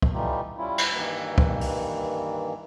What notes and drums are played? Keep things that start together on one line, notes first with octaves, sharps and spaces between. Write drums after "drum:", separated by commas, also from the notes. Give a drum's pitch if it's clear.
drum: kick
E3 G3 A3 D#4 F4 G4
G3 C#4 E4 F4
drum: cymbal
G2 D#3 E3 A#3
drum: kick
drum: open hi-hat